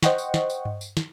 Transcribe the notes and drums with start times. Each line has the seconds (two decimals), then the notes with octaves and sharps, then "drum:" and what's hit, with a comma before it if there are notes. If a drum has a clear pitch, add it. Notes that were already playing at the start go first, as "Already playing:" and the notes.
0.03 C5 D#5 F#5 G5 C#6, drum: snare
0.18 drum: tambourine
0.34 drum: snare
0.50 drum: tambourine
0.65 drum: tom G2
0.81 drum: tambourine
0.97 drum: snare